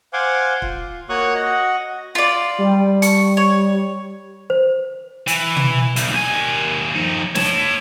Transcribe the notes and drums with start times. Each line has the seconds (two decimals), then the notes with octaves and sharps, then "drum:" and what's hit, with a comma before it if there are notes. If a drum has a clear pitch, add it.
0.13 C5 F5 F#5 G#5 C6 D6
0.62 F4, drum: kick
1.09 A#3 F#4 C#5 C#6 D#6 F#6
1.35 F#4 D#5 F#5
2.15 F4 D5
2.59 G3
3.02 C#6, drum: hi-hat
3.37 C#5
4.50 C5
5.28 E3, drum: hi-hat
5.56 drum: tom
5.96 B1, drum: hi-hat
6.11 D#2 G#5
6.96 F3 D#4
7.35 C#5 A5, drum: snare